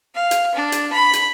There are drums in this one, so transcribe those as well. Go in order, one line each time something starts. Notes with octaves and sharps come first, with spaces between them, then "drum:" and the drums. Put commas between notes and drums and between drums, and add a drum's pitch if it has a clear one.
F5
drum: hi-hat
D4
drum: hi-hat
B5
drum: hi-hat